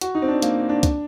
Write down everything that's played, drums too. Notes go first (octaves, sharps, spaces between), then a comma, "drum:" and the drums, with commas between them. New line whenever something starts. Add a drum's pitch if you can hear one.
F#4, drum: hi-hat
D#4
C4
D4
A#3, drum: hi-hat
D4
drum: kick, hi-hat